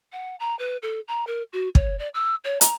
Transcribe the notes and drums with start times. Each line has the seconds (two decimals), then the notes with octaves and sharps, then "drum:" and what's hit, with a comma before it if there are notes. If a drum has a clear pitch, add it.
0.12 F#5
0.40 A#5
0.59 B4
0.82 A4
1.08 A#5
1.27 A#4
1.53 F#4
1.75 C#5, drum: kick
1.99 D5
2.14 E6
2.44 C#5
2.61 A#5, drum: hi-hat